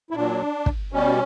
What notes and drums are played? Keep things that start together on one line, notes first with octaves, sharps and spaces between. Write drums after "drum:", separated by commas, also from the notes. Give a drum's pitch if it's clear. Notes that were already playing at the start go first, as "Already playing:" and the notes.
E4
A#2 F#3 D4
drum: kick
B2 G3 C#4